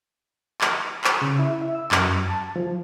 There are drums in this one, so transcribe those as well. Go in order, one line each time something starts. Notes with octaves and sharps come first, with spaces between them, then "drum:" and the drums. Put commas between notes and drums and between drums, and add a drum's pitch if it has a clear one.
drum: clap
drum: clap
C#3
E4
E5
E6
F#2, drum: clap
A5
F3